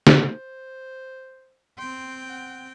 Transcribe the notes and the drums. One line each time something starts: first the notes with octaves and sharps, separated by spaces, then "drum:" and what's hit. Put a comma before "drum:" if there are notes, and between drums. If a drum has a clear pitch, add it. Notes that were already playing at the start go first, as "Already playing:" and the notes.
drum: snare
C5
C4 G5 C6
F#5